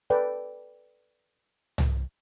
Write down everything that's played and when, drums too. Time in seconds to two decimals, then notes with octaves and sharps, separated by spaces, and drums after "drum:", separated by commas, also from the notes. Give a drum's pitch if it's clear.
0.10 A4 B4 D5 G5
1.78 drum: tom C2